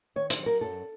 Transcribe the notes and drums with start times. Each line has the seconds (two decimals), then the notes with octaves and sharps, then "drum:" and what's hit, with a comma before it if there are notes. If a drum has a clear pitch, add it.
0.16 D#3 C#5
0.30 C5, drum: hi-hat
0.39 F#3
0.46 A#4
0.61 F#2 A4